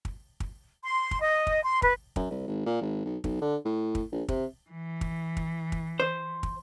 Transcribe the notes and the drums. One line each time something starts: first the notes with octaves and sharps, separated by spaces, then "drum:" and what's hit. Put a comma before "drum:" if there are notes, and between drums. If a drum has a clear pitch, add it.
drum: kick
drum: kick
C6
drum: kick
D#5
drum: kick
C6
B4, drum: kick
F#2, drum: kick
C2
G#1
A#2
G#1
B1
B1, drum: kick
D3
A2
drum: kick
A#1
C3, drum: kick
E3
drum: kick
drum: kick
drum: kick
C5
drum: kick